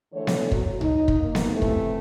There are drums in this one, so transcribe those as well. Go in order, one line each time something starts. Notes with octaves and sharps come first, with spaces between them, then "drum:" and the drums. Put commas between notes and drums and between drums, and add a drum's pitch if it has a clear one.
D3 E3 A3 C#5
drum: snare B3
F#3, drum: kick
D#4, drum: tom C2
drum: kick
A#3
drum: snare B3
A2 C3 E3 A3
drum: kick